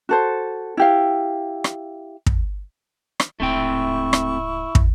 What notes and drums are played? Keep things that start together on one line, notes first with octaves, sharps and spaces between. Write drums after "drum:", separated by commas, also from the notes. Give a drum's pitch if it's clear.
F#4 A4 C5
E4 G4 F5
drum: rim click
drum: kick
drum: rim click
D1 G#2 A3 C4 E4 G5 C#6
drum: rim click
drum: kick